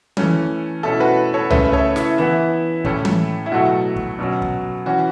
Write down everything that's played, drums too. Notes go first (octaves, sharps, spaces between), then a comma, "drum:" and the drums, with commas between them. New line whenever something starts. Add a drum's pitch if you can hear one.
E3 A3 C#4, drum: tom E3
B2 A3 C#4 E4 A4
F#4 B4
A4 C#5
C#3 A3 C#4 B4 E5, drum: tom C2
E5
A4 C#5
E4, drum: snare
E3 B3 E4
A2 A3 C#4, drum: kick
drum: tom E3
E4
B2 F#3 A3 F#4
drum: kick
B2 F#3 C#4
drum: kick
E3 C#4 F#4